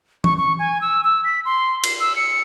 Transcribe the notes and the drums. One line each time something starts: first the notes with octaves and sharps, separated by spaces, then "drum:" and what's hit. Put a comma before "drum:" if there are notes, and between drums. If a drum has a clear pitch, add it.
C#6, drum: tom E3
C#6
G#5
E6
E6
B6
C6
C7, drum: cymbal
E6
C#7